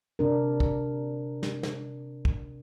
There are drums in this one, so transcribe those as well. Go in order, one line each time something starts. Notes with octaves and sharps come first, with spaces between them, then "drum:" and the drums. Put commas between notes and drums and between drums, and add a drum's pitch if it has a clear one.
C3 D4 A#4
drum: kick
drum: snare
drum: snare
drum: kick